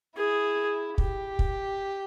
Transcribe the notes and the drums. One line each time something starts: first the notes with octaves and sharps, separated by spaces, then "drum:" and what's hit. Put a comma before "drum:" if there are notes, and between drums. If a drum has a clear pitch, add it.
E4 G#4
G4, drum: kick
drum: kick